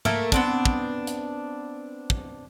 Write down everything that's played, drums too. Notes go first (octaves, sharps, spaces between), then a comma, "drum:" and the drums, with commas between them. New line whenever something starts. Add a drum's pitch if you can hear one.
A3 A#3 A#4 E5, drum: tom G#2
B3 C4 D4, drum: kick
drum: kick
drum: hi-hat
drum: kick